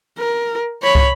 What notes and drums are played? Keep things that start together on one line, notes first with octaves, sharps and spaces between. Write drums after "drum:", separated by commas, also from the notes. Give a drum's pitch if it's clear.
A#4
C#5 B5
drum: kick